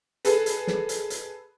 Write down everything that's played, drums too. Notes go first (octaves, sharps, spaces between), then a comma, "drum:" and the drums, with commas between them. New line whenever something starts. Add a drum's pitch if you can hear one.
G#4 A4 B4, drum: hi-hat
drum: hi-hat
drum: snare
drum: hi-hat
drum: hi-hat